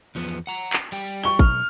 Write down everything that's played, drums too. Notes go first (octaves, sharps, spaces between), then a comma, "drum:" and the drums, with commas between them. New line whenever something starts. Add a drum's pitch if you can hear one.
E2 F3 B3
drum: hi-hat
F#5 A#5
drum: clap
G3 G5, drum: hi-hat
C#6 G7
B1 F6, drum: kick G#1, hi-hat